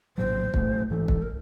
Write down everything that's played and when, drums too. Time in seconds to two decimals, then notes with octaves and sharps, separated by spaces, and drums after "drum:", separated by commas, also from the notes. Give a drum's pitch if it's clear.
0.18 A#1 A2 F#3 C5
0.54 B1 A2 F#3 A3, drum: kick
0.90 G#1 G#2 E3 A4
1.08 drum: kick
1.22 A#4